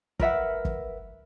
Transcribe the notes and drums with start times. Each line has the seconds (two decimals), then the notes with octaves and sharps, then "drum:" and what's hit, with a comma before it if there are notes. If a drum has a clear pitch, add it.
0.19 A#4 B4 E5 F#5, drum: kick
0.65 drum: kick